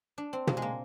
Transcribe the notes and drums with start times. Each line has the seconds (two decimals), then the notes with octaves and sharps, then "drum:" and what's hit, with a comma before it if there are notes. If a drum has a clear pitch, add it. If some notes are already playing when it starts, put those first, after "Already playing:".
0.18 D4
0.33 C4
0.47 A#3, drum: tom
0.57 G#3
0.62 A#3